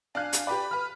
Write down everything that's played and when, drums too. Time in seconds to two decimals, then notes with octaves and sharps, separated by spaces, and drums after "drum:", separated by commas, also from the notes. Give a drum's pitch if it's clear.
0.15 D4 F5 G#5 F#6
0.33 drum: hi-hat
0.47 G4 B4 D5 B5
0.71 B4 F6